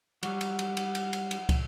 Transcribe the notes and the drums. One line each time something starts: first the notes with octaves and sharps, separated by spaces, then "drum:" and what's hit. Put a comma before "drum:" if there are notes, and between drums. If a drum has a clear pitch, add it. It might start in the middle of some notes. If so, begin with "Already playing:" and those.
F#3 G3 F#5, drum: cymbal
drum: cymbal
drum: cymbal
drum: cymbal
drum: cymbal
drum: cymbal
drum: cymbal
drum: kick, cymbal